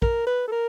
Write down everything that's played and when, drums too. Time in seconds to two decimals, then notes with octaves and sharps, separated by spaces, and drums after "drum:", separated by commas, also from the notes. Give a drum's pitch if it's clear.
0.02 A#4, drum: kick
0.27 B4
0.47 A4
0.52 A#4